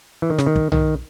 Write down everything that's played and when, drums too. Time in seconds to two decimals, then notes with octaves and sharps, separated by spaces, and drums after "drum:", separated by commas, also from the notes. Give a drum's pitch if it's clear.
0.22 E3
0.30 D#3
0.38 C#3, drum: snare
0.46 D#3
0.56 drum: kick
0.72 D#3, drum: tom B1